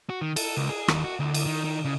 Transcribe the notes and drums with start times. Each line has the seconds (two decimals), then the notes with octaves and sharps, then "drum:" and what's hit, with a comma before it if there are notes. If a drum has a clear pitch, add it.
0.10 F#4
0.21 D#3
0.36 A4, drum: cymbal
0.57 C#2
0.70 G#4
0.88 D#2, drum: rim click
1.04 F#4
1.20 D2
1.34 drum: cymbal
1.46 D#3
1.65 D#3
1.85 C#3